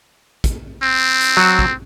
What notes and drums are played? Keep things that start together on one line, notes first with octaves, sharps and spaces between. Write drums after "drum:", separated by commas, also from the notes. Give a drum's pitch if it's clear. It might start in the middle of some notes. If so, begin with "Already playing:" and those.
drum: kick, hi-hat
C4
drum: hi-hat
F#3 F#4
drum: kick